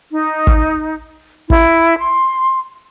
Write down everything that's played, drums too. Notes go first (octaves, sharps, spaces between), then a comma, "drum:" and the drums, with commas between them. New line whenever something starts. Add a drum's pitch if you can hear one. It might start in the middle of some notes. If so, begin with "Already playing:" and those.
D#4
drum: kick
E4, drum: kick
C6